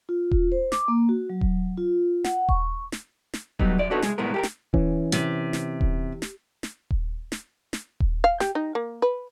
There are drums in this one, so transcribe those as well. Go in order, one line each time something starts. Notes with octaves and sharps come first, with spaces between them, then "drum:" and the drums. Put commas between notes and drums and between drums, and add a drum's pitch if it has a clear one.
F4
drum: kick D#1
C5
D6, drum: snare
A#3
F#4
F#3
drum: kick D#1
F4
F#5, drum: snare
C#6, drum: kick D#1
drum: snare
drum: snare
F#3 G3 B3 D#4, drum: kick D#1
F#2 D5
D4 D#4 F#4 A4 B4 C#5
C2 G#3 G#4, drum: snare
C2 A2 G#3 B3 A#4
G4 A4 A#4
drum: snare
E3 C#4, drum: kick D#1
C3, drum: snare
drum: snare
drum: kick D#1
drum: snare
drum: snare
drum: kick D#1
drum: snare
drum: snare
drum: kick D#1
F5
G4, drum: snare
D#4
A#3
B4